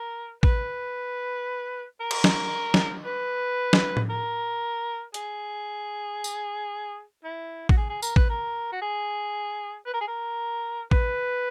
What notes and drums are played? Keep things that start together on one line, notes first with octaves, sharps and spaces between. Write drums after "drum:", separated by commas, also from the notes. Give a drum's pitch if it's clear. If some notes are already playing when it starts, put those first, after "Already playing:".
Already playing: A#4
B4, drum: kick
A#4
drum: cymbal
drum: snare
drum: snare
B4
drum: snare
drum: tom A2
A#4
G#4, drum: hi-hat
drum: tambourine
E4
F#4, drum: kick
G#4
G#4
A#4, drum: tambourine
B4, drum: kick
A#4
F#4
G#4
B4
A#4
G#4
A#4
B4, drum: kick